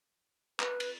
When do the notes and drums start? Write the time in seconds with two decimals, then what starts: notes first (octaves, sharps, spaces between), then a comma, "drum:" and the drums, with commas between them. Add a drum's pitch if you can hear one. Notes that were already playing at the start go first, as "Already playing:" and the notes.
0.60 B4, drum: clap
0.80 drum: cymbal